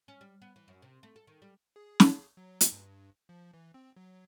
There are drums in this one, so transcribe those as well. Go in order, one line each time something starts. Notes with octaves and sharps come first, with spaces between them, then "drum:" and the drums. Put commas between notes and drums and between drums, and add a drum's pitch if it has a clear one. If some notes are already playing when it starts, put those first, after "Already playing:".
C#4
G3
B3
E3
F#2
C3
A3
A4
D#3
G3
G#4
drum: snare
F#3
drum: hi-hat
G2
F3
E3
C4
F#3